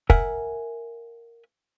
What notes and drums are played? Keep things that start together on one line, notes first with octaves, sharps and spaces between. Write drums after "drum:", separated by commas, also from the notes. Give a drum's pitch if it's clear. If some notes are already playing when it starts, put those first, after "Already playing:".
A#4 E5 F#5 G#5, drum: kick